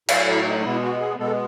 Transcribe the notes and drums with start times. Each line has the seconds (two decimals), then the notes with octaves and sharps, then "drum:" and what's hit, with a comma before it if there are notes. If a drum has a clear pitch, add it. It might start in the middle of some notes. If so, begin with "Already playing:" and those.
0.09 A2 F#3 A3 F#4, drum: cymbal
0.28 E4
0.45 D#4
0.60 D#4
0.64 B2 G#3 B3 E4
0.83 F#4
1.01 G#4
1.19 B2 G#3 B3 A4